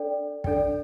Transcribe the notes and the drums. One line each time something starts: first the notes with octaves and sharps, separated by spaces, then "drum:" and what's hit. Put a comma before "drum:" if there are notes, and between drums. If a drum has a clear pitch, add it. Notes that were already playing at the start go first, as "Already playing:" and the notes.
Already playing: D4 A4 D5 G5
D4 A4 D5 G5, drum: kick